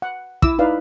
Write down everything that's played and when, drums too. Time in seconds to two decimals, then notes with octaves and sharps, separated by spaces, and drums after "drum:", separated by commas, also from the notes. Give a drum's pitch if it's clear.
0.02 F#5
0.42 E4 D6 E6, drum: kick
0.59 D#4 E4 B4 D5 F5